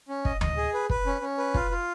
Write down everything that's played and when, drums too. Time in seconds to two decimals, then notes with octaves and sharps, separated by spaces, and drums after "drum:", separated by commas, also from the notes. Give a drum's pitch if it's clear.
0.09 C#4
0.25 D#5, drum: kick
0.41 D#5, drum: tom D2
0.57 G#4
0.74 B4
0.90 B4, drum: kick
1.06 C#4
1.21 C#4
1.38 B4
1.54 F4, drum: kick
1.71 F4